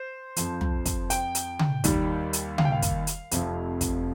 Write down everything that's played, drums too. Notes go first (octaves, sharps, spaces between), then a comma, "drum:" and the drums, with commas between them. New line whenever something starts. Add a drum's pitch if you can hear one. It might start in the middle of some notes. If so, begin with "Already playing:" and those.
Already playing: C5
F2 F3, drum: hi-hat
drum: tom
drum: kick, hi-hat
G5, drum: hi-hat
drum: hi-hat
drum: tom C#3
D#2 D#3 G3, drum: kick, hi-hat
drum: hi-hat
F5, drum: tom C#3
G5
F5
drum: kick, hi-hat
drum: hi-hat
F1 F2 C3 F3, drum: hi-hat
drum: kick, hi-hat